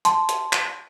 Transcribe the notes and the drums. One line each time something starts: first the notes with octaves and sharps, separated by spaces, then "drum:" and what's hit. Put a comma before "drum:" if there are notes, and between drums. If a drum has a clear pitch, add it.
A5 C6, drum: hi-hat
drum: hi-hat
drum: clap